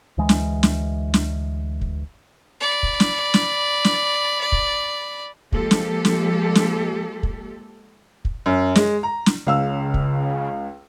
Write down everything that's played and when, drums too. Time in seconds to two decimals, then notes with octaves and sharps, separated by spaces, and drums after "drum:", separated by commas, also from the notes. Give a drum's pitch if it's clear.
0.18 D2 E3 G#3
0.29 drum: snare
0.63 drum: snare
1.14 drum: snare
1.81 drum: kick
2.61 D5 B5
2.83 drum: kick
3.00 drum: snare
3.34 drum: snare
3.85 drum: snare
4.52 drum: kick
5.52 F3 G#3 A#3 G4 A4, drum: kick
5.71 drum: snare
6.05 drum: snare
6.55 drum: snare
7.23 drum: kick
8.25 drum: kick
8.46 F#2
8.75 G#3, drum: snare
9.03 A#5
9.26 drum: snare
9.47 C#2 C#3 F5 E6
9.94 drum: kick